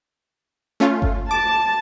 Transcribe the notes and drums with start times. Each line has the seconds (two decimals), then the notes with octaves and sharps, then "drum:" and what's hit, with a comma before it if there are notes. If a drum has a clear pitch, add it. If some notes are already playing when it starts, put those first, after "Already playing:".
0.80 A3 C#4 F4
1.02 drum: kick G1
1.31 A5 D6